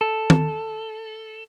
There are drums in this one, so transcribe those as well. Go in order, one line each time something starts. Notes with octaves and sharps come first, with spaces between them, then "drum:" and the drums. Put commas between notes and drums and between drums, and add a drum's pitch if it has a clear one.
A4
drum: tom D#3